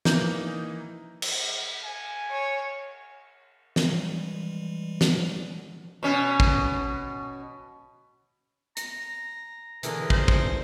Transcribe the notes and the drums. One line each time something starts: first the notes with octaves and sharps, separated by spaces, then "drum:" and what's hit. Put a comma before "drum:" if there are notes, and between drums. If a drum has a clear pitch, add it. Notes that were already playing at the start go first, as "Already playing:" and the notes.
E3 A#3 D#4 D#5 G6, drum: snare
drum: cymbal
G#5
C#5
E3 G3 G#3, drum: snare
drum: snare
B2 C#4
drum: kick
A#5, drum: hi-hat
D3 E3 G#4 A#4, drum: hi-hat
C5, drum: kick
drum: kick